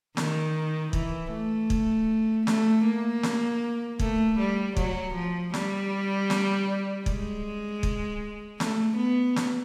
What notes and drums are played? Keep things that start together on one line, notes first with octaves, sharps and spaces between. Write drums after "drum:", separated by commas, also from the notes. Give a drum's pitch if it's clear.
D#3, drum: snare
E3, drum: kick
A3
drum: kick
A3, drum: snare
A#3
drum: snare
A3, drum: kick
G3
F#3, drum: kick
F3
G3, drum: snare
drum: snare
G#3, drum: kick
drum: kick
A3, drum: snare
B3
drum: snare